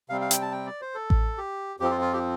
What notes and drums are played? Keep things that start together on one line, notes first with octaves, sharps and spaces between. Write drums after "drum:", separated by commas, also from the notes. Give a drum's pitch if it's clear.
C3 G3 C4 F5
F5
G5, drum: hi-hat
A5
G5
D5
C5
A4
drum: kick A1
G4
F2 F3 C4 G4
F4
F4
G4